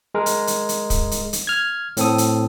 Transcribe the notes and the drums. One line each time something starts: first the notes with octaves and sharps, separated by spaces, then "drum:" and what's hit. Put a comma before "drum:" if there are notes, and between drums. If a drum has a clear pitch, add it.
G#3 A#4
drum: hi-hat
drum: hi-hat
drum: hi-hat
drum: kick, hi-hat
drum: hi-hat
drum: hi-hat
F6 G#6
A2 C4 A4 D#6, drum: hi-hat
drum: hi-hat